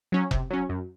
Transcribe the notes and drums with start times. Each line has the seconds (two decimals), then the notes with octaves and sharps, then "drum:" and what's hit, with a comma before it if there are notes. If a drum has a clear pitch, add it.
0.12 F#3 C#4
0.31 C3, drum: kick F1
0.51 F#3 C#4
0.69 F#2